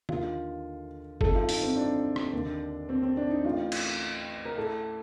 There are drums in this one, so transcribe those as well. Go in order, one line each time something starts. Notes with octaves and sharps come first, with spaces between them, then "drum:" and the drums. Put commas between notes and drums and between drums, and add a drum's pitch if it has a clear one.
D#2 D3 F4, drum: tom D3
G1 F2 D#3 A4, drum: kick F#1
F4
D#4, drum: open hi-hat
C4
D4
drum: rim click
D#2 D3
C4
C4
D4
D#4
A1 A2 F4
drum: cymbal
A#4
A2 A4